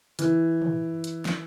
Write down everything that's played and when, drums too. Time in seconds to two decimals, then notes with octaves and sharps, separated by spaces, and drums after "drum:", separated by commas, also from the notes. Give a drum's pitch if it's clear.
0.19 E3, drum: hi-hat
0.62 drum: tom
1.04 drum: hi-hat
1.25 drum: snare